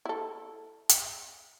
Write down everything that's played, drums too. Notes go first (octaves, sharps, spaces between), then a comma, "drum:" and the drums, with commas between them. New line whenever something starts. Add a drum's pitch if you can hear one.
E4 A4
drum: hi-hat